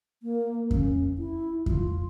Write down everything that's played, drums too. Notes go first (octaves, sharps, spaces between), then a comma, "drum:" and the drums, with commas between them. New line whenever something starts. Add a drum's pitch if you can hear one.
A#3
C#4, drum: kick F2
E4
F4, drum: kick F2